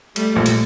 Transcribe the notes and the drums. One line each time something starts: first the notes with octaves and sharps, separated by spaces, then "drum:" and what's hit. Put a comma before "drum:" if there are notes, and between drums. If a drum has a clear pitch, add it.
G3 A3, drum: cymbal
A#1 A#2
drum: cymbal